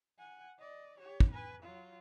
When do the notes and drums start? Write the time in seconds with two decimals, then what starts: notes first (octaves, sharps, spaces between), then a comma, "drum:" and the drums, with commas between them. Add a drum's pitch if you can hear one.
0.19 F#5 G#5
0.59 D5 D#5
0.98 G4 C#5
1.20 drum: kick
1.31 B4 G#5
1.62 F#3 F4